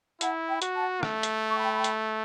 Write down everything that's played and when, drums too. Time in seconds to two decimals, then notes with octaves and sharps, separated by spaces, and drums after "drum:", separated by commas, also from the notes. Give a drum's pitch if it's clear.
0.21 E4 F#5 A5, drum: hi-hat
0.48 G5 B5
0.62 F#4, drum: hi-hat
0.75 F#5 A5
1.03 A3, drum: rim click
1.23 drum: hi-hat
1.48 C#6
1.57 G5 B5
1.84 drum: hi-hat